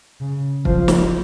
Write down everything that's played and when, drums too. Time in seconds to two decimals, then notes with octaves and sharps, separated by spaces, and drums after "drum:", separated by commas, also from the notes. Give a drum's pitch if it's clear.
0.20 C#3
0.65 F3, drum: kick
0.88 drum: snare